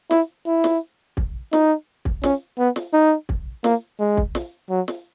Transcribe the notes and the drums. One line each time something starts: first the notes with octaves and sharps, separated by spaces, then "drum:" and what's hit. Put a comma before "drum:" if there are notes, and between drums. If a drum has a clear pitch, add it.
E4, drum: snare
E4
drum: snare
drum: kick
D#4, drum: snare
drum: kick
C#4, drum: snare
B3
drum: snare
D#4
drum: kick
A#3, drum: snare
G#3
drum: kick
drum: snare
F#3
drum: snare